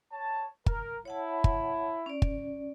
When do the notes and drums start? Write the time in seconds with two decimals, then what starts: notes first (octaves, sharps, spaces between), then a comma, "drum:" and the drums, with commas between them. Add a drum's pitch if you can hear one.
0.12 C#5 A5
0.66 A#4, drum: kick
1.05 E4 C#5 F#5 A5
1.44 drum: kick
2.06 C#4 D5
2.22 drum: kick